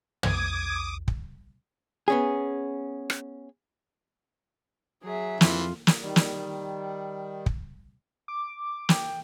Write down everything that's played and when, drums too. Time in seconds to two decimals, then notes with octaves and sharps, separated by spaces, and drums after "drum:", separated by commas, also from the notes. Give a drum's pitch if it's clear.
0.23 D6 D#6 G#6, drum: tom
1.08 drum: kick
2.08 B3 C#4 G#4
3.10 drum: rim click
5.04 F#3 G#4 E5
5.41 F2 E3 F4, drum: snare
5.87 drum: snare
6.02 D#3 G3
6.16 drum: snare
7.46 drum: kick
8.28 D6
8.89 G5, drum: snare